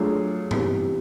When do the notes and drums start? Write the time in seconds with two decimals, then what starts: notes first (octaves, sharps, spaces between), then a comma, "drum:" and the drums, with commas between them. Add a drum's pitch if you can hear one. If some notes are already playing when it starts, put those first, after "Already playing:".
Already playing: F#3 A3 D4 F4 G#4
0.51 C3 E3 G3 B3, drum: tom G2